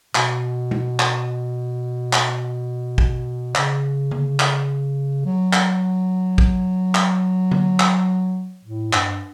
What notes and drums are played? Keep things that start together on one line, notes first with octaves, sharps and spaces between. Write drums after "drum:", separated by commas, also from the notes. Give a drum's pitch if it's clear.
B2, drum: clap
drum: tom G#3
drum: clap
drum: clap
drum: kick
C#3, drum: clap
drum: tom D3
drum: clap
F#3
drum: clap
drum: kick
drum: clap
drum: tom D3
drum: clap
A2
G2, drum: clap